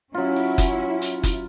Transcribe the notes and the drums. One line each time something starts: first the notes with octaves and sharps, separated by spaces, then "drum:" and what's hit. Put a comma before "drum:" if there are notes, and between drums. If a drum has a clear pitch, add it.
F#3 C#4 E4 F4
drum: open hi-hat
drum: kick F#1, hi-hat
drum: hi-hat
drum: kick F#1, hi-hat